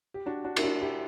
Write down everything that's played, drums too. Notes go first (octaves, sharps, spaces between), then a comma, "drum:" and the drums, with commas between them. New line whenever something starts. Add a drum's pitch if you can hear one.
G4
D4 F#4
D4 F#4
E4, drum: cymbal
D4 F#4
E4 G4